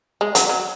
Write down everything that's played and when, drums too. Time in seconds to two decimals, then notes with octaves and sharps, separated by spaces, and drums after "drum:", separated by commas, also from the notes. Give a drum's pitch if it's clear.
0.21 G#3
0.35 F#3, drum: hi-hat
0.49 F#3